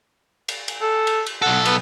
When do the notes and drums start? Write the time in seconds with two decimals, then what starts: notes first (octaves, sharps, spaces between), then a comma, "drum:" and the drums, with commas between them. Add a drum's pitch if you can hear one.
0.48 drum: cymbal
0.68 drum: cymbal
0.82 A4
1.07 drum: cymbal
1.26 drum: cymbal
1.42 B1 A4 F#5
1.65 B3, drum: cymbal